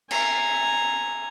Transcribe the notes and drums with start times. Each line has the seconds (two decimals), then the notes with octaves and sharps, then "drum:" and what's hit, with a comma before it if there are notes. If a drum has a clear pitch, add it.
0.11 G#5 A#5, drum: cymbal